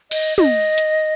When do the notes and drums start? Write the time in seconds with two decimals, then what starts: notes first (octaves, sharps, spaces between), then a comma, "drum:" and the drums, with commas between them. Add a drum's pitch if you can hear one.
0.11 D#5, drum: cymbal
0.38 D#5, drum: tom
0.78 drum: hi-hat